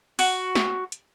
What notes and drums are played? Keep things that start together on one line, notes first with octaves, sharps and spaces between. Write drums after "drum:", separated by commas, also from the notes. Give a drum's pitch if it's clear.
F#4, drum: open hi-hat
drum: snare
drum: hi-hat